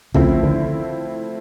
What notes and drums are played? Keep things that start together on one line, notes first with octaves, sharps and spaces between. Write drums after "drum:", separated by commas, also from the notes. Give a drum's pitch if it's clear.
C#3 F3 A3 C4 E4, drum: tom
D3